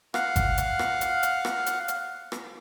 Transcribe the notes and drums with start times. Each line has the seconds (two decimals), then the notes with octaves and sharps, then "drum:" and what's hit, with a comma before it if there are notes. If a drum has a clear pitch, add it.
0.14 F5 F#5, drum: rim click
0.36 drum: kick G#1, hi-hat
0.58 drum: hi-hat
0.79 drum: rim click
1.01 drum: hi-hat
1.23 drum: hi-hat
1.45 drum: rim click
1.66 drum: hi-hat
1.88 drum: hi-hat
2.32 drum: rim click